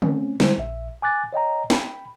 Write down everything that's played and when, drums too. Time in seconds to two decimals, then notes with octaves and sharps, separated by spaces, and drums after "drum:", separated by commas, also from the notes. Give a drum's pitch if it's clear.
0.02 A3 C4 C#4, drum: tom
0.40 D3 G3 G#3 E4 C5, drum: snare
0.58 A#1 E5
1.02 G#5 D6 F#6 A6
1.33 C#5 D#5 G5 A#5
1.70 G5 B5, drum: snare